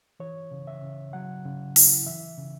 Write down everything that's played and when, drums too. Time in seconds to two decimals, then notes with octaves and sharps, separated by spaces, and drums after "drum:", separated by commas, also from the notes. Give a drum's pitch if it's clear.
0.20 E3 C#5
0.51 C#3
0.67 E5
0.82 C#3
1.13 F#3 F#5
1.45 C#3
1.76 E4, drum: open hi-hat
2.06 E3 E5
2.38 C#3